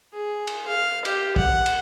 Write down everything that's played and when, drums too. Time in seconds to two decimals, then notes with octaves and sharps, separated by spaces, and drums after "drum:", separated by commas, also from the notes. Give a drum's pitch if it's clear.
0.13 G#4
0.47 drum: cymbal
0.67 F5
1.05 G4, drum: cymbal
1.36 F#5, drum: kick
1.66 drum: cymbal